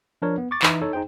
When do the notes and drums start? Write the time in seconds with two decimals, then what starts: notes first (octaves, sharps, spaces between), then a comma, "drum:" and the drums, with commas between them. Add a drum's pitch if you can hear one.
0.22 F3 D4 A#4 C#5
0.38 B3
0.51 C#6 D6 A6
0.63 E3 D#4 E4, drum: clap
0.82 D#4 A4 C#5
0.93 D#4 G#4 C5 G5